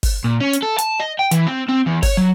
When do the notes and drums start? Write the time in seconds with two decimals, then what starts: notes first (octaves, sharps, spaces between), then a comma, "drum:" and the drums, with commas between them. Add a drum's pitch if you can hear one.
0.03 drum: kick G1, open hi-hat
0.24 A#2
0.41 C#4
0.53 drum: hi-hat
0.63 A4
0.78 A5, drum: hi-hat
1.00 D#5
1.19 G5
1.31 E3, drum: hi-hat
1.47 C4
1.68 C4
1.86 E2
2.03 C#5, drum: kick G1, open hi-hat
2.17 F#3